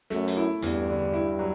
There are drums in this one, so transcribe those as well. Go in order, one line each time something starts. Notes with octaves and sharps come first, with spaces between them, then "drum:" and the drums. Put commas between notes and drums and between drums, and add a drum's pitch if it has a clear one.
F#2 A3, drum: snare
drum: hi-hat
E4
E2 G2, drum: hi-hat
D3
E4
F#3